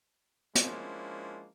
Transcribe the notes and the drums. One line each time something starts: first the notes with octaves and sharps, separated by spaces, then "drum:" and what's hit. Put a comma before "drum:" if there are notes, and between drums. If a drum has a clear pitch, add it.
F3 G#3 A#3 C#4 D4 E4, drum: hi-hat